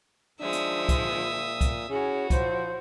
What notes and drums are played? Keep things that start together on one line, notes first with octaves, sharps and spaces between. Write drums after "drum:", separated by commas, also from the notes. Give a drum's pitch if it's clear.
D#3 F3 G#3 D4 E5 D#6
drum: hi-hat
drum: kick C2, hi-hat
A#2
drum: kick C2, hi-hat
C#4 E4 F#4 G#4 C#5
F3 C5, drum: kick C2, hi-hat